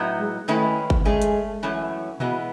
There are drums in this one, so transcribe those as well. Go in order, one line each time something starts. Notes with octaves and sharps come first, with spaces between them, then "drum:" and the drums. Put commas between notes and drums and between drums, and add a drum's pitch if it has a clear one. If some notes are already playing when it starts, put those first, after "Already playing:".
Already playing: A2 F#3 B3 D#4
G#3
D#3 G#3 A3 C#4 E4 B4
drum: kick G1
G#3 A3 C#4 G#4
drum: hi-hat
F#2 E3 A3 C#4
B2 E3 G#3 B3, drum: tom B2